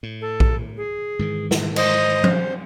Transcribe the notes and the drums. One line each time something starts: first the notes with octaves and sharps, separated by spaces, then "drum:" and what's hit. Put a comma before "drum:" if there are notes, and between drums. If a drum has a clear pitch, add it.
A2
A4
drum: kick A#1
G#4
G#2 D#3 E3
drum: snare
C5 D#5, drum: cymbal
drum: tom F3